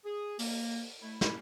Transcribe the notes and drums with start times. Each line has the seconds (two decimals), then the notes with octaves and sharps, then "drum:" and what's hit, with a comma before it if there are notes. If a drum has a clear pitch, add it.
0.05 G#4
0.39 A#3, drum: open hi-hat
1.01 A3 E4
1.21 G3 A#3 C#4 E4, drum: snare